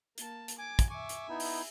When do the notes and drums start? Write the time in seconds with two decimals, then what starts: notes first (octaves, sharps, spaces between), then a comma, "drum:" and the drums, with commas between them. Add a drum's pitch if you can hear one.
0.18 A#3 A5, drum: hi-hat
0.48 drum: hi-hat
0.59 G#5 D6
0.79 drum: kick, hi-hat
0.90 E5 G#5 C#6 D6
1.09 drum: hi-hat
1.29 B3 D#4 E4
1.40 drum: open hi-hat